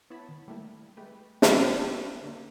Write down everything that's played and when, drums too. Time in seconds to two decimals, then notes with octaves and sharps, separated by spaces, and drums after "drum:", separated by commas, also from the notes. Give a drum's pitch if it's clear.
0.10 B3 E4 C#5 A5 B5
0.29 D#3
0.48 G3 A3 A#3 E4
0.97 G#3 A3 G4 B4
1.42 drum: snare
1.63 F4 C#5 D5 E5
2.22 D3 A#3